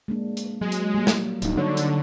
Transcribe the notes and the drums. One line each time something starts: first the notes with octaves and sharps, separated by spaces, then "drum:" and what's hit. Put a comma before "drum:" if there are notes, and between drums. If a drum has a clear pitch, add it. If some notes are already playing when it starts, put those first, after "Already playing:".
G#3 A#3 D4
drum: hi-hat
F#3 G#3
drum: hi-hat
G3 A#3
drum: snare
D1 F#3 D4 D#4, drum: hi-hat
D3 D4 C#5
drum: hi-hat